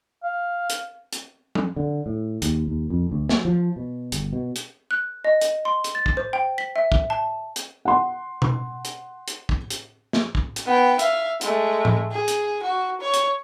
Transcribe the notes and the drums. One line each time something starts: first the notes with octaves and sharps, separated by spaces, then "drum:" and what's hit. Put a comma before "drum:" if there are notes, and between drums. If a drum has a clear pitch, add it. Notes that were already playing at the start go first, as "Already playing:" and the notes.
F5
drum: hi-hat
drum: hi-hat
drum: tom F#3
D3
A2
D#2, drum: hi-hat
D#2
F2
D2
F#3, drum: snare
F3
B2
G1, drum: hi-hat
B2
drum: hi-hat
F#6
D#5
drum: hi-hat
C6
drum: hi-hat
A6
drum: kick
C5
G5
B6
E5
drum: kick
A5
drum: hi-hat
F#5 C6
drum: tom B2
drum: hi-hat
drum: hi-hat
drum: kick
drum: hi-hat
drum: snare
drum: kick
drum: hi-hat
B3 G5
E5 F5, drum: hi-hat
G#3 A3, drum: hi-hat
drum: tom A2
G#4
drum: hi-hat
F#4
C#5
drum: hi-hat